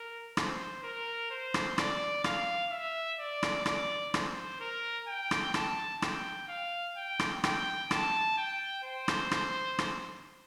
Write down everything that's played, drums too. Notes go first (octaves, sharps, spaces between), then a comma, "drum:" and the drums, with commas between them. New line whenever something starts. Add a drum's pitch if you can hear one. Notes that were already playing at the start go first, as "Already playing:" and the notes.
Already playing: A#4
C5, drum: rim click
A#4
C5
drum: rim click
D5, drum: rim click
F5, drum: rim click
E5
D5
drum: rim click
D5, drum: rim click
C5, drum: rim click
A#4
G5
drum: rim click
A5, drum: rim click
G5, drum: rim click
F5
G5
drum: rim click
G5, drum: rim click
A5, drum: rim click
G5
C5
drum: rim click
drum: rim click
drum: rim click